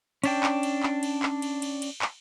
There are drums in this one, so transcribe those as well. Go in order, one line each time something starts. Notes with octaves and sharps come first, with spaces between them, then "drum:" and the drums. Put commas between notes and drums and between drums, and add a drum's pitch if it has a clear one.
C#4 D4 G5, drum: cymbal
drum: clap
drum: cymbal
drum: clap
drum: cymbal
drum: clap
drum: cymbal
drum: cymbal
drum: cymbal
drum: clap